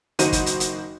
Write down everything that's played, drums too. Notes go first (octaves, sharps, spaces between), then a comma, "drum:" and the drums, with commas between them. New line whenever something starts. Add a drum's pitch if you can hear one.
F#1 D#3 D#4 F#4 C5 D#7, drum: hi-hat
drum: kick, hi-hat
drum: hi-hat
drum: hi-hat